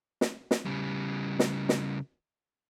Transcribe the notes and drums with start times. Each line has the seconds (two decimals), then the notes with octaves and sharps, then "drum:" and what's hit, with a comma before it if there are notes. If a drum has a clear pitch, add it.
0.21 drum: snare
0.51 drum: snare
0.66 C#3 G3
1.39 drum: snare
1.69 drum: snare